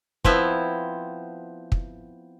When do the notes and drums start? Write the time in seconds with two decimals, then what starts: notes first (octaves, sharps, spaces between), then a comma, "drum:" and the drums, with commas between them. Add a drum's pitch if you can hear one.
0.25 F3 B3 C4 E4, drum: kick
1.72 drum: kick